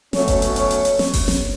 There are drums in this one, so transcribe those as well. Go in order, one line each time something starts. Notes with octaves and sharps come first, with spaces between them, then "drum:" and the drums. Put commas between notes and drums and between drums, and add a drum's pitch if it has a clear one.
B2 F#3 A3 C#4 C#5, drum: snare
drum: kick F#1, hi-hat
drum: hi-hat
C#5, drum: hi-hat
drum: hi-hat
drum: hi-hat
drum: snare
drum: kick F#1, open hi-hat
drum: snare